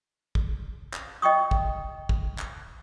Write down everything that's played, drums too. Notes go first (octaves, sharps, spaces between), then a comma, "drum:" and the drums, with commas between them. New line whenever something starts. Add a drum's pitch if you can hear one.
drum: kick
drum: clap
D#5 G5 C#6 D#6
drum: kick
drum: kick
drum: clap